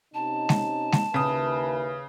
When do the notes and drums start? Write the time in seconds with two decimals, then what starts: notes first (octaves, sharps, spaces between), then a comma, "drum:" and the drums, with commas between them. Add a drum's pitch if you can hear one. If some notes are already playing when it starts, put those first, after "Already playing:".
0.14 C3 C#4 D#4 A5
0.49 drum: snare G#3
0.92 drum: snare G#3
1.14 D#2 C#3 E4 B4 D#6